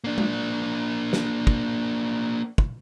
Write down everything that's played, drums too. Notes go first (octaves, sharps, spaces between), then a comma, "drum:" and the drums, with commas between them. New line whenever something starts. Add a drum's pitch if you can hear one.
A#3 D4
drum: tom G#3
drum: snare
drum: kick
drum: kick